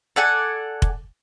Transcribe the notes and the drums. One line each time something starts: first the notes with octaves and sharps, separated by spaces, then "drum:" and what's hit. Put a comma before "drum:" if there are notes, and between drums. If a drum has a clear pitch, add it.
A4 D5 F#5 G#5
drum: kick F1